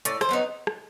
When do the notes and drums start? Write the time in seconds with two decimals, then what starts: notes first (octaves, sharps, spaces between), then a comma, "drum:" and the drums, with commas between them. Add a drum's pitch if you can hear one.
0.05 A2 D5, drum: hi-hat
0.21 C5, drum: rim click
0.29 F#3 B3 D#4
0.67 drum: rim click